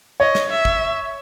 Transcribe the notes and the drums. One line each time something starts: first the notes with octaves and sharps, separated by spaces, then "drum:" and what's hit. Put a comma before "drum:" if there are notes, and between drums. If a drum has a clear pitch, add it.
C#5 D#5
drum: snare
E5
drum: kick